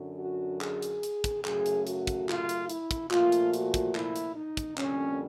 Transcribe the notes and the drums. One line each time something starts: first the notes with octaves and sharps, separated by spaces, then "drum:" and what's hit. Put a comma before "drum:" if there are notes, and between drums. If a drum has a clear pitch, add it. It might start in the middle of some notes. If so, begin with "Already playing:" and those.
Already playing: F#2 D3 F#3
F#4
G#4, drum: clap
drum: hi-hat
drum: hi-hat
drum: kick, hi-hat
F#2 C#3 F#3 A3 G#4, drum: clap
drum: hi-hat
F#4, drum: hi-hat
drum: kick, hi-hat
F4, drum: clap
drum: hi-hat
E4, drum: hi-hat
drum: kick, hi-hat
A#2 F3 A3 F4, drum: clap
drum: hi-hat
F#4, drum: hi-hat
drum: kick, hi-hat
E4, drum: clap
drum: hi-hat
D#4
drum: kick, hi-hat
F2 D3 G3 A#3 C#4, drum: clap